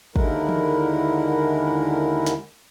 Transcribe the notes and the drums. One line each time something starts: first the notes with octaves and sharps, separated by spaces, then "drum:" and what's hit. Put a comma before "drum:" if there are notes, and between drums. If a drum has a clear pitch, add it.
D#2 D3 G#3 E4 A#4 F#5, drum: kick
drum: tom E3
drum: snare